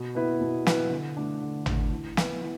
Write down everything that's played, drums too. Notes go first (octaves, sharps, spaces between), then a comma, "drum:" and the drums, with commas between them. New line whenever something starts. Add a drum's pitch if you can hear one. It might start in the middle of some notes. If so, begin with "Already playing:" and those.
Already playing: B2
B3 E4 B4
B2
B3 E4 B4, drum: snare
D3
A3 D4
D3
A3 D4, drum: tom
E3
B3 E4 B4, drum: snare
E3